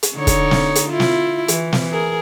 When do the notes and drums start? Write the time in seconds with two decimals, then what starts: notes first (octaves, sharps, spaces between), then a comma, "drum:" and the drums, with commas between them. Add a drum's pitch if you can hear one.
0.03 drum: hi-hat
0.14 D3 D#4 C#5
0.27 drum: kick, hi-hat
0.51 drum: snare
0.75 drum: hi-hat
0.89 E4 F4
1.00 drum: snare
1.48 E3, drum: hi-hat
1.73 drum: snare
1.91 G#4 A#4